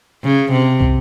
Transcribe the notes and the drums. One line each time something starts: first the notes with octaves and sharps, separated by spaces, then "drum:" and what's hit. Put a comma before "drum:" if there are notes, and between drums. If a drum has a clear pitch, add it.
C#3
C3
drum: kick